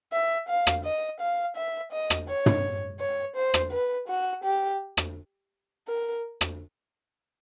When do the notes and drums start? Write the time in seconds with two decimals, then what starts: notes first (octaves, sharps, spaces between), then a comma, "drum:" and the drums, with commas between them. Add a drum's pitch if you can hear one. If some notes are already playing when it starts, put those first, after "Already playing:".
0.12 E5
0.49 F5
0.67 drum: rim click
0.84 D#5
1.20 F5
1.56 E5
1.92 D#5
2.10 drum: rim click
2.29 C#5
2.46 drum: tom
3.00 C#5
3.36 C5
3.54 drum: rim click
3.71 B4
4.08 F#4
4.44 G4
4.97 drum: rim click
5.88 A#4
6.41 drum: rim click